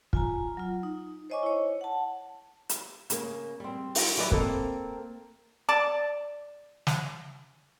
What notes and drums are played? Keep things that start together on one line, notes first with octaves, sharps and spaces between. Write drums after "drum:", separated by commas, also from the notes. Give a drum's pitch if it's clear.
F4 G#5 A#5, drum: kick
F#3 F4
D#4
C5 C#5 D#5 G#5 C#6 D6
E4 C#5
F#5 A5
drum: hi-hat
C#3 A#3, drum: hi-hat
G3 C4
drum: open hi-hat
E3 F#3 G3 B4 D5 D#5
A#3 C4 A4, drum: kick
D5 A5
drum: snare